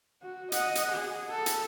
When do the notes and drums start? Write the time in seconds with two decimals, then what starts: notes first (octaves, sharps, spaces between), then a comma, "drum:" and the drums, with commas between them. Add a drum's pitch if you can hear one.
0.22 F#4
0.52 D#5 F#5, drum: hi-hat
0.75 drum: hi-hat
0.92 G#4
1.29 A4
1.46 drum: hi-hat